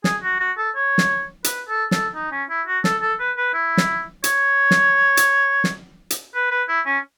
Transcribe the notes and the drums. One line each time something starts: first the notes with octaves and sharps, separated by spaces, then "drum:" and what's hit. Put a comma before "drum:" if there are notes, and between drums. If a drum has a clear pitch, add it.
G#4, drum: snare
F#4
F#4
A4
C#5
drum: snare
B4, drum: hi-hat
A4
A4, drum: snare
D#4
C#4
E4
F#4
A4, drum: snare
A4
B4
B4
E4
drum: snare
C#5, drum: hi-hat
drum: snare
drum: hi-hat
drum: snare
drum: hi-hat
B4
B4
E4
C#4